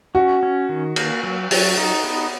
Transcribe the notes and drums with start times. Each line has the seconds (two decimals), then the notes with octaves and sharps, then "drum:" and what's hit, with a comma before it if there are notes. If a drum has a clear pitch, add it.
0.15 C#4 F#4
0.43 C#4
0.69 D#3
0.96 A#3, drum: cymbal
1.23 F#3
1.51 F#3, drum: open hi-hat
1.77 D#4
2.04 B3